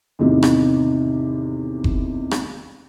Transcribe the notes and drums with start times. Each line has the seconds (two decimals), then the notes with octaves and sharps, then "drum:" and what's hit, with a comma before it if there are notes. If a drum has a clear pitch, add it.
0.19 E2 A2 C3 D#3
0.43 drum: rim click
1.84 drum: kick F#1
2.31 drum: rim click